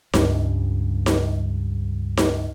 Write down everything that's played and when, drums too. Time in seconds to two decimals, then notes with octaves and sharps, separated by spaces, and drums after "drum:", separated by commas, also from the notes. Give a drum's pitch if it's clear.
0.13 C#2 G2 G3 C#4, drum: snare D#4
1.06 drum: snare D#4
2.17 drum: snare D#4